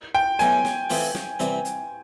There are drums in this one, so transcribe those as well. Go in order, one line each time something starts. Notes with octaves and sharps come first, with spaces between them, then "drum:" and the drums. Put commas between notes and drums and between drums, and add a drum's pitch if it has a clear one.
G5
B2 F#3 A3 G#5, drum: hi-hat
drum: snare
E3 A3 C4 F4, drum: open hi-hat
drum: snare
C3 E3 G3 C4, drum: hi-hat
drum: hi-hat